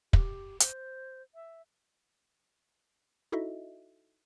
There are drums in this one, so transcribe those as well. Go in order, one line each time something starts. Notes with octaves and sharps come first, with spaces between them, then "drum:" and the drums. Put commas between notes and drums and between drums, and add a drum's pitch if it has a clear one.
G4, drum: kick
C5, drum: hi-hat
E5
D#4 E4 F#4 A4 D#5 E5